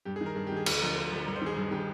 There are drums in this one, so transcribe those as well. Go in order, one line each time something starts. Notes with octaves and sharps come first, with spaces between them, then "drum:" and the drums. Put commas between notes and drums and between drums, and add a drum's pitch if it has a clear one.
G2 G4
G#4
D#3
A#4
G2 G#4
G4
D#3 G#4
D2 G#4, drum: cymbal
D3 F3 A#4
D2 C5
D3 F3
G2 A#4
C5
D#3 G#4
G2
D#3 G4